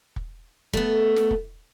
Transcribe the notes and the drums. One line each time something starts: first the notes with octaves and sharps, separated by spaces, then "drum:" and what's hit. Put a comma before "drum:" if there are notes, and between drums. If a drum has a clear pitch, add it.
drum: kick
A3 B3, drum: kick
drum: snare
drum: kick